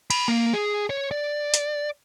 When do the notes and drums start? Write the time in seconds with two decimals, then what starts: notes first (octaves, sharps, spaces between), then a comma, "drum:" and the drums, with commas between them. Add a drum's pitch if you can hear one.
0.11 B5, drum: cymbal
0.28 A#3
0.53 G#4
0.90 C#5
1.11 D5
1.54 drum: hi-hat